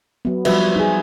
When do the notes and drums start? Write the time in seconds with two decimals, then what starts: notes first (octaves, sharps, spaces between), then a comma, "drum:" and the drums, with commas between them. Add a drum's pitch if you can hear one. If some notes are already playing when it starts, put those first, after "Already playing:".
0.25 F#3 B3
0.45 F3 G3 F#4 B4 E5, drum: cymbal
0.76 D#4 G#4